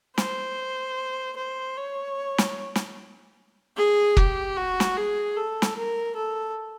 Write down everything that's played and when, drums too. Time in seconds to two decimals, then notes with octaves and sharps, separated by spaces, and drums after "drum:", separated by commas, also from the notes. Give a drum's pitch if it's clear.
0.18 C5, drum: snare
1.37 C5
1.78 C#5
2.38 drum: snare
2.76 drum: snare
3.77 G#4
4.17 G4, drum: kick
4.57 F#4
4.80 drum: snare
4.97 G#4
5.37 A4
5.62 drum: snare
5.77 A#4
6.16 A4